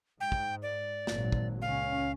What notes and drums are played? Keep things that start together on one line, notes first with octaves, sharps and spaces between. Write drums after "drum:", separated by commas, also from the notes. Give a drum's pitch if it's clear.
G#2 G5
drum: kick
D5
G#1 A#2 F#3, drum: snare
drum: kick
C#2 C#4 F5